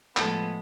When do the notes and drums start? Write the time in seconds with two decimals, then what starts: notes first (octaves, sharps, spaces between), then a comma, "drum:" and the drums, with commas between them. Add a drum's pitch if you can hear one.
0.17 A2 F3 G#3 B3 A4, drum: clap